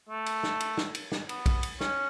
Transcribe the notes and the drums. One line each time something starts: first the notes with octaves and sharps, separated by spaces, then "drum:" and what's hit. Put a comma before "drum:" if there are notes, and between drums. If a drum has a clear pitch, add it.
A3
drum: cymbal
drum: snare
drum: cymbal
drum: snare
drum: cymbal
drum: snare
B3, drum: cymbal
drum: kick, cymbal
drum: cymbal
C#4, drum: snare